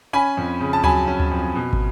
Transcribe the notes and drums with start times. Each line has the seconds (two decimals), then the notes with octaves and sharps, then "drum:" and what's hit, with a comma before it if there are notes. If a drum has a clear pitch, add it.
0.13 C#4 G#5 B5
0.37 F2
0.60 C#3
0.73 A5
0.84 F#3 G#5 B5, drum: tom D2
1.07 C#4
1.20 drum: tom D2
1.31 F2
1.55 B2
1.73 drum: kick